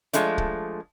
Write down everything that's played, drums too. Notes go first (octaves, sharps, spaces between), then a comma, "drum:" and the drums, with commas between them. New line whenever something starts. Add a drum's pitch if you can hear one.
F3 G#3 A3 D4, drum: hi-hat
drum: kick C#1